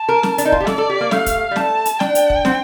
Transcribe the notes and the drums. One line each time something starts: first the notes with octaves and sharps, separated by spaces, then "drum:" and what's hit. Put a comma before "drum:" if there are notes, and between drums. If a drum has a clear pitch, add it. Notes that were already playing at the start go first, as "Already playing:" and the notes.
Already playing: A5
A#4
A#4, drum: snare
D4, drum: hi-hat
D#4
F4, drum: kick
G4
A4 D5, drum: snare
A4
G4
A#3
A3 F5, drum: snare
drum: kick, hi-hat
G3
A3 A5, drum: snare
drum: hi-hat
D4 G5, drum: snare
drum: hi-hat
drum: kick
C4, drum: snare